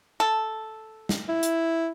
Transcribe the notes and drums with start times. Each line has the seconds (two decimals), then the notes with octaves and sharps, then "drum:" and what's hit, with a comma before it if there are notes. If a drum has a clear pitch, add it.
0.20 A4
1.09 drum: snare
1.29 E4
1.43 drum: hi-hat